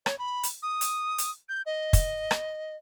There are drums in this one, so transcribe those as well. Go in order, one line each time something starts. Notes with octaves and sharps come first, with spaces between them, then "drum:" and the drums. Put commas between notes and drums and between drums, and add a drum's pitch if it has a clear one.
C#5, drum: rim click
B5
drum: hi-hat
D#6
drum: hi-hat
drum: hi-hat
G6
D#5
drum: kick, hi-hat
drum: rim click